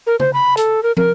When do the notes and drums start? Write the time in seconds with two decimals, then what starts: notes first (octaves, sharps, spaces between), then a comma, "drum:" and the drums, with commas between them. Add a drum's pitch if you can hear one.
0.06 A#4
0.20 C5, drum: tom C#3
0.33 B5
0.57 A4, drum: hi-hat
0.83 A#4
0.97 A#4, drum: tom